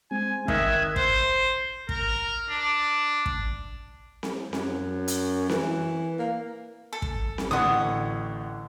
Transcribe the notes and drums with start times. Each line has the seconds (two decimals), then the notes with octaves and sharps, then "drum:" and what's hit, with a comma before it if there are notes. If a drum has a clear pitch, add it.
0.11 G#3 C4 G#5
0.48 D#3 E5 D#6 F#6 G#6, drum: kick
0.96 C5, drum: kick
1.89 A#4, drum: kick
2.49 D4
3.26 drum: kick
4.23 drum: snare C4
4.53 F#2, drum: snare C4
5.08 drum: hi-hat
5.50 E3, drum: snare C4
6.19 A#3
6.93 A4
7.02 drum: kick
7.38 drum: snare C4
7.51 A1 A2 D3 F#4 D#6